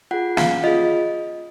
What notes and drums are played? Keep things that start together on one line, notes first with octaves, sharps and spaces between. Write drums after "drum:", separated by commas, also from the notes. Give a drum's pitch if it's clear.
F4 G#4 F#5
C#4 F5, drum: snare
F4 G#4 D#5